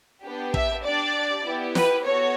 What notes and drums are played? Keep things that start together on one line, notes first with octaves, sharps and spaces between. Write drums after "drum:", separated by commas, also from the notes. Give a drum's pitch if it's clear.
B3 D4 G4
E5, drum: kick
D4 G4 D5
B3 E4 G4
B4, drum: snare
B3 F#4 A4 C#5